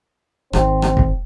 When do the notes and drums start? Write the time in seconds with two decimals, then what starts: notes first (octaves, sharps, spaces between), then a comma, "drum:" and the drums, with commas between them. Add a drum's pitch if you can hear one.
0.53 G#1 C4, drum: rim click
0.82 drum: rim click
0.97 drum: kick